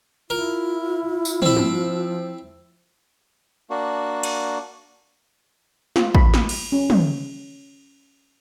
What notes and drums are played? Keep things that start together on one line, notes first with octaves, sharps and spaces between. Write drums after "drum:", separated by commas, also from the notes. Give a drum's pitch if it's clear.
E4 F4 A#4
drum: tambourine
F3 C4 E4, drum: tom
drum: tom
A#3 D4 F#4
drum: cymbal
F4, drum: snare
B5, drum: kick
drum: snare
drum: cymbal
C#4
drum: tom